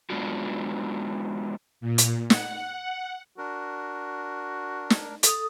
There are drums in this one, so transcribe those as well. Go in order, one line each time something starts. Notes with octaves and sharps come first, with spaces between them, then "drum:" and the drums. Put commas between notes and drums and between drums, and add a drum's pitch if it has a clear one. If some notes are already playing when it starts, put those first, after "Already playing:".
G#3 B3 D4 F4 F#4
A#2
drum: hi-hat
F#5, drum: snare
D4 F#4 A#4
drum: snare
A4 D#6, drum: hi-hat